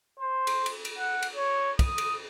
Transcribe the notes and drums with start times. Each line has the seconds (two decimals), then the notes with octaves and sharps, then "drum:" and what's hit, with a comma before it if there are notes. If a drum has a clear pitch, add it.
0.19 C5
0.47 drum: cymbal
0.66 drum: cymbal
0.85 drum: cymbal
0.98 F#5
1.23 drum: cymbal
1.36 C#5
1.79 D#6, drum: kick, cymbal
1.98 drum: cymbal